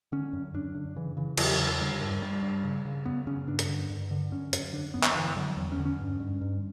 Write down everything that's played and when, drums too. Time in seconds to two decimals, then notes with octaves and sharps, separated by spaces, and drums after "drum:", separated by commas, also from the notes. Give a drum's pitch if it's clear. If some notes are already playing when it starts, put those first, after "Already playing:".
0.12 D3 C#4
0.33 F#2
0.54 F#2 D4
0.75 D3
0.96 C#3 E3
1.17 C#3 E3
1.38 E2 F#3, drum: cymbal
1.58 C#3
1.80 D3 G3
2.02 G2
2.21 G2 G3
2.43 G2
2.64 C#3
2.85 C#3
3.05 F#2 B3
3.27 C#3 C#4
3.47 G2 D4
3.59 drum: hi-hat
3.69 D3
3.90 G2
4.11 D3
4.32 F#2 C#4
4.53 F#2, drum: hi-hat
4.73 D3 D4
4.94 F#2 B3
5.04 drum: clap
5.15 D3 E3
5.36 D3 F#3
5.57 E2 F#3
5.72 C#4
5.79 D3
5.85 C#4
5.99 G2
6.20 G2
6.41 G2